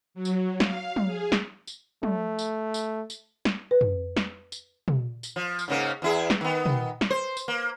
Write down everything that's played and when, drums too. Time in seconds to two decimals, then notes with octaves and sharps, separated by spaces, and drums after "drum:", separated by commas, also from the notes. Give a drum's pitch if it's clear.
0.14 F#3
0.25 drum: tambourine
0.60 F5, drum: snare
0.96 drum: tom
1.06 G#4
1.32 drum: snare
1.67 drum: tambourine
2.03 A3, drum: tom
2.39 drum: tambourine
2.74 drum: tambourine
3.10 drum: tambourine
3.45 drum: snare
3.71 B4
3.81 drum: tom
4.17 drum: snare
4.52 drum: tambourine
4.88 drum: tom
5.23 drum: tambourine
5.36 F3
5.59 drum: tambourine
5.68 G#2 C#3 A#3
6.02 E2 E4 G#4
6.30 drum: snare
6.41 D#3 B3
6.66 drum: tom
7.01 drum: snare
7.10 C5
7.37 drum: tambourine
7.48 A#3